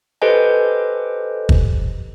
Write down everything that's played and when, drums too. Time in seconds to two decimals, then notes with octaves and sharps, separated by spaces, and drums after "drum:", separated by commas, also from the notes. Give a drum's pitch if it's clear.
0.22 G4 A4 B4 C5 D#5 G#5
1.49 drum: kick